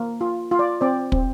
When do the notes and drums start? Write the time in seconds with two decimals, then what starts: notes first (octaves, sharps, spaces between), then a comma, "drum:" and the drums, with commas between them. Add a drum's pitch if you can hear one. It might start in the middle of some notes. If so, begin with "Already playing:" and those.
Already playing: A#3
0.21 F4
0.51 F4
0.59 D5
0.81 C4 D5
1.12 C4, drum: kick